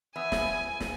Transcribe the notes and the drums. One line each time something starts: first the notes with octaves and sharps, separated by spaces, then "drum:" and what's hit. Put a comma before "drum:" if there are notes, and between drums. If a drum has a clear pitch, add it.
E3 B3 E5 G#5
drum: snare
drum: snare